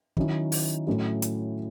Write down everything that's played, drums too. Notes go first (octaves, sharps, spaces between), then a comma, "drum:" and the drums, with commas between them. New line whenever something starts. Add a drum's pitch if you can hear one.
D#3 F#3 C#4 E4, drum: kick
drum: open hi-hat
A2 F#3 C#4 E4
drum: hi-hat